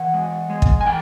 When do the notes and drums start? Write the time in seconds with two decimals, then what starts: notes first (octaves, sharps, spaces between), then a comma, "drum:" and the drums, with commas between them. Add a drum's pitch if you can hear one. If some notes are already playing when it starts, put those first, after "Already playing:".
Already playing: E3 F#5
0.14 G#3
0.50 G#3
0.62 drum: kick
0.81 G#5
0.86 E3 G5